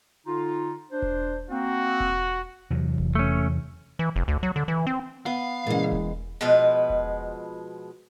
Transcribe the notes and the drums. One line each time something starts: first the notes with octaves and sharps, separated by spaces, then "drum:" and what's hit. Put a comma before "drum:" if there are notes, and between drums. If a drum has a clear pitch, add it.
D3 D#4 F4
D4 C5
drum: kick E1
A#3 C4 F#4
drum: kick E1
E2 C3 F#3
drum: kick E1
A3 C#4
E3
F1
D2
F#3
D3
E3
C4
B3 F5
A#2 C#3 E3 G#3
drum: kick E1
B2 F3 G#3 B4
drum: kick E1